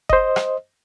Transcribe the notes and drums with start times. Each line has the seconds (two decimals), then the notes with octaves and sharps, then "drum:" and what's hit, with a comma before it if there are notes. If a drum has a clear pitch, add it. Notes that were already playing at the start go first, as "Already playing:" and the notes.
0.09 C5 D#5, drum: kick F#1
0.36 drum: rim click